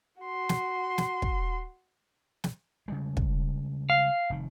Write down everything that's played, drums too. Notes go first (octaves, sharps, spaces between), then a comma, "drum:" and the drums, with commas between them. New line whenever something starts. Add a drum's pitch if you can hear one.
F#4 C6
drum: snare
drum: snare
drum: kick
drum: snare
C#3 G3 G#3
drum: kick
F5
F1 D#3